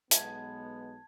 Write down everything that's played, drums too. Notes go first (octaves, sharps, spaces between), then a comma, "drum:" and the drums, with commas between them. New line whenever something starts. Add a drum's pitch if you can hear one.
B1 G#3 B3 A5 G#6, drum: hi-hat